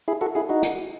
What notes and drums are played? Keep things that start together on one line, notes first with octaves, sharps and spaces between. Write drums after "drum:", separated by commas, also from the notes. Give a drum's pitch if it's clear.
E4 G#4
F#4 A4
E4 G#4
D#4 F#4
drum: hi-hat